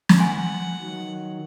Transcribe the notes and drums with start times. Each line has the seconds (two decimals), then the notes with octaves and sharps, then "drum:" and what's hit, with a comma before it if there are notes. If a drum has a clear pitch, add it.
0.09 drum: snare
0.19 F#5 G#5 C6
0.82 D#3 F#3